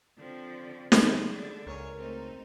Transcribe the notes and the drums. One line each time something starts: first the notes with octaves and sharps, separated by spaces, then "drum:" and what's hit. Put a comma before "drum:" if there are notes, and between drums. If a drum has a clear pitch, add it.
D3 F3 C4
C#3 F#3 G#3 E4 C5, drum: snare
D3
C#2 G#4 A#4 C#5
A3 C4 D#4